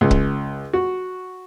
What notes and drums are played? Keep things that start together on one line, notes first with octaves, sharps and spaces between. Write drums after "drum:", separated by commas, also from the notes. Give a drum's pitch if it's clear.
C#2
drum: kick C#1
F#4